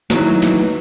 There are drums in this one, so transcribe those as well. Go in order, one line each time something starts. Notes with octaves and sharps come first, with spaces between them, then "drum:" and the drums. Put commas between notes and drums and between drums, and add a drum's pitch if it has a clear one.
D#3 E3 F#3, drum: snare
drum: snare